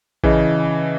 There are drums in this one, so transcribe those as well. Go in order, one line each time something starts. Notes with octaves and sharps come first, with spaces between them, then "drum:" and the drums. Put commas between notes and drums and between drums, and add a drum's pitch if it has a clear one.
C#3 E3 G#4 D#5 A5, drum: kick A1